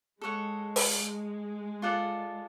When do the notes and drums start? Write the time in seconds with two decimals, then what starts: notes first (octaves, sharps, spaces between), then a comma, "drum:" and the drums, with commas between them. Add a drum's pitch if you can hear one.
0.21 G#3 A4 C#5 F#5
0.76 drum: open hi-hat
1.82 F4 A4 D5 F#5